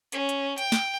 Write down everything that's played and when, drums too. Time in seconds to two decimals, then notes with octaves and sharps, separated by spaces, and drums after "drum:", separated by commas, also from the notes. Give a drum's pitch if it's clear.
0.12 C#4, drum: hi-hat
0.29 drum: hi-hat
0.58 G5, drum: hi-hat
0.72 drum: snare